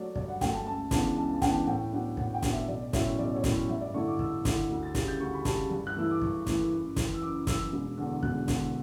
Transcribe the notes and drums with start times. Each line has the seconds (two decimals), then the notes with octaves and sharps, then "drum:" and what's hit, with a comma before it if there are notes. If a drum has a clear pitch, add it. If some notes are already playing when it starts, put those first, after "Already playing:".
Already playing: F#3 A3 C#5 D5
0.16 G2 D5, drum: kick
0.28 F#5
0.41 F#3 A3 G5, drum: snare
0.54 A5
0.66 C#2 A5
0.91 C#3 E3 B3 D4 A5, drum: snare
1.16 C#2 A5
1.34 A5
1.42 C#3 E3 B3 D4 G5, drum: snare
1.50 A5
1.67 A2 G5
1.92 F#3 B3 D4 F#5
2.17 A2 F#5, drum: kick
2.34 G5
2.42 F#3 B3 D4, drum: snare
2.52 E5
2.68 B1 D5
2.93 A2 F#3 C#4 E5, drum: snare
3.19 B1 D5
3.36 C#5
3.44 A2 F#3 C#4, drum: snare
3.69 G2 E5
3.81 D5
3.94 D3 A3 E4 C#6
4.07 D6
4.19 G2 E6, drum: kick
4.45 D3 A3 E4, drum: snare
4.70 D2
4.83 A6
4.95 C#3 G3 A6, drum: snare
5.08 G6
5.20 D2 C#6
5.34 B5
5.45 C#3 G3 A5, drum: snare
5.70 G2
5.87 F#6
5.97 E3 A3 E4 E6
6.11 D6
6.22 G2 C#6, drum: kick
6.46 E3 A3 E4, drum: snare
6.72 F#1
6.96 F#2 E3, drum: snare
7.14 E6
7.22 F#1 D6
7.47 F#2 E3 E6, drum: snare
7.73 E1
7.97 E2 D3
8.23 E1 F#6, drum: kick
8.48 E2 D3, drum: snare